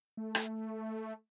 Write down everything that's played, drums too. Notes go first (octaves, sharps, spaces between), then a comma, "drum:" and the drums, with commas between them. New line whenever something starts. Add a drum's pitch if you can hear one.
A3
drum: rim click